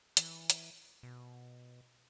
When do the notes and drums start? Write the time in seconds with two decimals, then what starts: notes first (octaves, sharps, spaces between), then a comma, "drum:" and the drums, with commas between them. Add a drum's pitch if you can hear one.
0.17 E3, drum: hi-hat
0.50 drum: hi-hat
1.03 B2